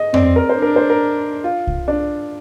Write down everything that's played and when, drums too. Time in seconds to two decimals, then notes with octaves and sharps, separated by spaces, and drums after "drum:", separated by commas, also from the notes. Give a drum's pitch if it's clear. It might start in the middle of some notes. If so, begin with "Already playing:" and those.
Already playing: D#5
0.14 C4 D5, drum: tom F2
0.36 A#4
0.49 C5
0.57 D4
0.62 A#4
0.76 C5
0.90 A#4
1.44 F4
1.67 drum: kick C2
1.88 D4